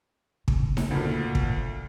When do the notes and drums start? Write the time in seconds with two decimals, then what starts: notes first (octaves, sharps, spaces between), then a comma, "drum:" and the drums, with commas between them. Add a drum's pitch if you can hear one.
0.48 F2 C#3, drum: kick
0.77 drum: snare D#4
0.91 D2 A#2
1.35 drum: kick